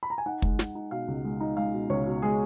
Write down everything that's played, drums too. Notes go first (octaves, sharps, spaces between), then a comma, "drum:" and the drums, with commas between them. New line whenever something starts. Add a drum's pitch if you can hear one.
B5
A#5
G#5
D#4 F#5
G#3, drum: kick
G#3, drum: snare
D#4
B2 F5
C#2
G#3
D#4
G#3 F5
B2
C#2 C#5
B2
G#3 G#4